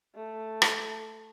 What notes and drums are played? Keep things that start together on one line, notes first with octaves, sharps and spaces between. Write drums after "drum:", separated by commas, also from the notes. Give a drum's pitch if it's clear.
A3
drum: rim click